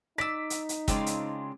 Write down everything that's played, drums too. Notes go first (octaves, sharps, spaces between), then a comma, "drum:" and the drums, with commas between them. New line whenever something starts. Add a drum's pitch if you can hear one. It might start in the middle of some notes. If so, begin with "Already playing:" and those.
D#4 D5 E6 B6
drum: hi-hat
drum: hi-hat
C#3 G#3 C4 D4 F4, drum: kick, hi-hat
drum: hi-hat